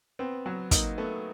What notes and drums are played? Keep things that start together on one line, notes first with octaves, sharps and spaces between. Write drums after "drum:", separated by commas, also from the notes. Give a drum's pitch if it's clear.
B3 C4
F#3 B3
A#3 D#4, drum: kick, hi-hat
A3 B3